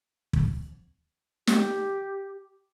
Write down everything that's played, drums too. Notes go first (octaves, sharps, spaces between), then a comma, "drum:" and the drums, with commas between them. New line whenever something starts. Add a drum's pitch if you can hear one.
drum: kick
G4, drum: snare